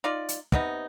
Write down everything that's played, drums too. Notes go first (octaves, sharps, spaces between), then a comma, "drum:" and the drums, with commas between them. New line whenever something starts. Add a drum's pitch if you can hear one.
D#4 F4 D5
drum: hi-hat
C3 B3 D#4, drum: kick